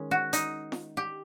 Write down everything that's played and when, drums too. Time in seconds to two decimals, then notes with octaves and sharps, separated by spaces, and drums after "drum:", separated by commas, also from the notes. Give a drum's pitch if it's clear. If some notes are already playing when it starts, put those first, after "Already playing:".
Already playing: D#3 G#3 C#4
0.11 F#4
0.33 D#4, drum: hi-hat
0.72 drum: snare F4
0.97 G4